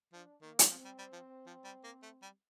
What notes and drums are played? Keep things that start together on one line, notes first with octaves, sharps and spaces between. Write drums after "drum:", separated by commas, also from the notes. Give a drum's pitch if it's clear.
F3 D4
D#3 A#3
drum: hi-hat
F3 C4
G3
G3
F3
F3
G3
A#3
A3
G3